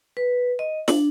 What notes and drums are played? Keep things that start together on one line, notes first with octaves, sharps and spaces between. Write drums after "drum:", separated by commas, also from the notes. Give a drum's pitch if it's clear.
B4
D#5
D4, drum: snare